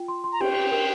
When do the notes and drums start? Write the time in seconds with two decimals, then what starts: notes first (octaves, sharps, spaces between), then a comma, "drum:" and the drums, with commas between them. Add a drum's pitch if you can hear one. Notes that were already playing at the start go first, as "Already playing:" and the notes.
Already playing: F4 G5
0.08 C6
0.24 C6
0.32 A#5
0.41 G4 G5, drum: cymbal
0.56 G4
0.72 A#4